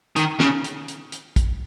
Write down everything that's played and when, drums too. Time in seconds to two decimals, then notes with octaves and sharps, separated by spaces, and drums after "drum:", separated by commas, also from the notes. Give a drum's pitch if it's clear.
0.16 D#3, drum: hi-hat
0.40 C#3, drum: snare
0.64 drum: hi-hat
0.88 drum: hi-hat
1.12 drum: hi-hat
1.36 drum: kick, hi-hat